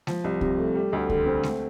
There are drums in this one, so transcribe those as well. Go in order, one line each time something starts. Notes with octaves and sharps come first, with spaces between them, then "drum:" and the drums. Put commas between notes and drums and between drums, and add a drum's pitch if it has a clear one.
F3, drum: snare G#3
C2
C3, drum: kick C2
A3
G3
D2
D3, drum: kick C2
C4
A3, drum: snare G#3